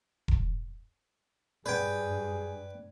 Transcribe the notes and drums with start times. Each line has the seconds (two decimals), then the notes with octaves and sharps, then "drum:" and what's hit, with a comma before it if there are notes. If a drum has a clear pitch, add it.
0.28 drum: kick E1
1.66 G2 G#4 B4 D5 G5 G#6